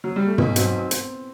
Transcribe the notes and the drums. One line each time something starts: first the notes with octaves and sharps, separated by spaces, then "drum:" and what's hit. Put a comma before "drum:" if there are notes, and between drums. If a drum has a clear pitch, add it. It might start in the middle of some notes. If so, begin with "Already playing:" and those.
F#3
G3
A3
B1 B3, drum: tom
F#3 C4, drum: hi-hat
drum: hi-hat